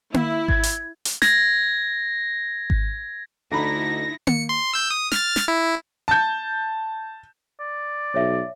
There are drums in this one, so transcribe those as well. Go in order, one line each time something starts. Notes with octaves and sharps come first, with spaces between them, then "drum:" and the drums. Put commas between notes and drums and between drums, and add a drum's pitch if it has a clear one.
E4, drum: tom A#3
G#6, drum: kick G#1
drum: hi-hat
drum: hi-hat
G#6 A#6, drum: snare
drum: kick G#1
D2 D3 D#4 E4 A#5 B5 A#6
C#7, drum: tom A#3
C6
E6 G6
D#6
F6 A6, drum: snare
drum: snare
E4
A5 G6
D5
B1 C#5 E5